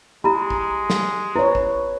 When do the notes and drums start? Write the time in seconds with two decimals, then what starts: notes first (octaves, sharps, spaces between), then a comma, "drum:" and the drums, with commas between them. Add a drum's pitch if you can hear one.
0.24 G#3 E4 G4 A#5 B5
0.50 drum: kick
0.90 drum: snare
1.36 E4 B4 C#5
1.55 drum: kick